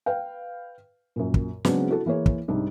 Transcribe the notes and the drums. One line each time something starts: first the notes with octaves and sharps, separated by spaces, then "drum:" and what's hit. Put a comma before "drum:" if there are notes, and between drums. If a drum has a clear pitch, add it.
B4 F5 G5
F#2 A#2
drum: kick
C#3 F#3 G#3 B3 C4 D4, drum: snare
E4 F#4 A4
E3 A#3 G#4 C#5
drum: kick
C2 G#2 G3 D4